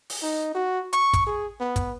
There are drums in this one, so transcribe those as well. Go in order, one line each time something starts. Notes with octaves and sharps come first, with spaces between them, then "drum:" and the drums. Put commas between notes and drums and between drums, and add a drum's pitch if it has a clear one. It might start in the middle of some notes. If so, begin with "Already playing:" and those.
drum: open hi-hat
D#4
F#4
C#6, drum: hi-hat
drum: kick, hi-hat
G#4
B3
drum: kick, hi-hat